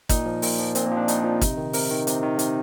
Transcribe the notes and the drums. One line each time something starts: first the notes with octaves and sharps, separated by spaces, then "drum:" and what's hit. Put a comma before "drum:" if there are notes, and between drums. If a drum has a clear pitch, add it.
A#2 D#4, drum: kick G#1, hi-hat
F3
A#2, drum: open hi-hat
F3
A#2 C4, drum: hi-hat
A#3
F3
D4
A#2 D#4, drum: hi-hat
F3
C3, drum: kick G#1, hi-hat
D#3
C3 A#4, drum: open hi-hat
D#3
C3, drum: hi-hat
D#3
C3, drum: hi-hat